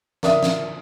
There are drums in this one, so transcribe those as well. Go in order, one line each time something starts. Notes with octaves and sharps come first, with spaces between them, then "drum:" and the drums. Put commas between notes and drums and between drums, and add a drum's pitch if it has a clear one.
A#4 D5 E5 D#6, drum: snare
drum: snare